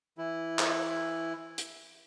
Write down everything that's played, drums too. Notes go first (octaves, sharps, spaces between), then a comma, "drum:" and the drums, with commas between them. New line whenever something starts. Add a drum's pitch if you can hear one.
E3 E4
drum: clap
drum: hi-hat